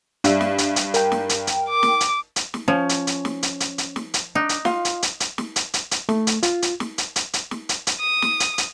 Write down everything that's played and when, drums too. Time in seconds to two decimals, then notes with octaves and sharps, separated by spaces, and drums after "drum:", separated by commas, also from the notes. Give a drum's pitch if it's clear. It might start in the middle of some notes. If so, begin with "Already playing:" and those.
0.24 G2 D4 E5, drum: hi-hat
0.41 drum: snare
0.58 drum: hi-hat
0.76 drum: hi-hat
0.94 A#4 G5, drum: hi-hat
1.12 drum: snare
1.29 drum: hi-hat
1.47 drum: hi-hat
1.69 D6
1.83 drum: snare
2.00 drum: hi-hat
2.36 drum: hi-hat
2.54 drum: snare
2.68 F3 C#4
2.89 drum: hi-hat
3.07 drum: hi-hat
3.25 drum: snare
3.43 drum: hi-hat
3.60 drum: hi-hat
3.78 drum: hi-hat
3.96 drum: snare
4.14 drum: hi-hat
4.35 D4 D#4
4.49 drum: hi-hat
4.65 F4 F5, drum: snare
4.85 drum: hi-hat
5.02 drum: hi-hat
5.20 drum: hi-hat
5.38 drum: snare
5.56 drum: hi-hat
5.74 drum: hi-hat
5.91 drum: hi-hat
6.09 A3, drum: snare
6.27 drum: hi-hat
6.43 F4, drum: hi-hat
6.62 drum: hi-hat
6.80 drum: snare
6.98 drum: hi-hat
7.16 drum: hi-hat
7.33 drum: hi-hat
7.51 drum: snare
7.69 drum: hi-hat
7.87 drum: hi-hat
8.00 D#6
8.22 drum: snare
8.40 drum: hi-hat
8.58 drum: hi-hat